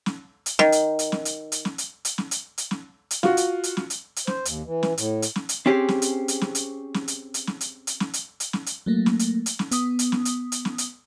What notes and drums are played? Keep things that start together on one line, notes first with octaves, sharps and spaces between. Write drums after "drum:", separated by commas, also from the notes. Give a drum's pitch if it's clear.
drum: snare
drum: hi-hat
D#3, drum: snare
drum: hi-hat
drum: hi-hat
drum: snare
drum: hi-hat
drum: hi-hat
drum: snare
drum: hi-hat
drum: hi-hat
drum: snare
drum: hi-hat
drum: hi-hat
drum: snare
drum: hi-hat
F4 F#4, drum: snare
drum: hi-hat
drum: hi-hat
drum: snare
drum: hi-hat
drum: hi-hat
C5, drum: snare
D#2, drum: hi-hat
E3
drum: snare
A2, drum: hi-hat
drum: hi-hat
drum: snare
drum: hi-hat
C4 C#4 G4 G#4 C5
drum: snare
drum: hi-hat
drum: hi-hat
drum: snare
drum: hi-hat
drum: snare
drum: hi-hat
drum: hi-hat
drum: snare
drum: hi-hat
drum: hi-hat
drum: snare
drum: hi-hat
drum: hi-hat
drum: snare
drum: hi-hat
F#3 A3 A#3
drum: snare
drum: hi-hat
drum: hi-hat
drum: snare
B3 D#6, drum: hi-hat
drum: hi-hat
drum: snare
drum: hi-hat
drum: hi-hat
drum: snare
drum: hi-hat